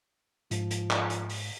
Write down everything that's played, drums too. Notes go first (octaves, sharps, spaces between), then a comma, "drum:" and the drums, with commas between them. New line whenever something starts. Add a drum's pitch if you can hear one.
G#2 F3, drum: hi-hat
drum: hi-hat
drum: clap
drum: hi-hat
drum: open hi-hat